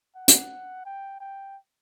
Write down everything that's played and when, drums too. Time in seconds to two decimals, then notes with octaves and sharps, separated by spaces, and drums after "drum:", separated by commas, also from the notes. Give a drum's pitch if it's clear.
0.16 F#5
0.28 drum: hi-hat
0.85 G5
1.20 G5